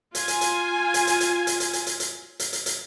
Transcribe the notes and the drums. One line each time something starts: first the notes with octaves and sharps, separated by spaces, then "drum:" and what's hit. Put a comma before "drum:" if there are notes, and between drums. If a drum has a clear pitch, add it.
F4 G#5, drum: hi-hat
drum: hi-hat
drum: hi-hat
drum: hi-hat
drum: hi-hat
drum: hi-hat
drum: hi-hat
drum: hi-hat
drum: hi-hat
drum: hi-hat
drum: hi-hat
drum: hi-hat
drum: hi-hat
drum: hi-hat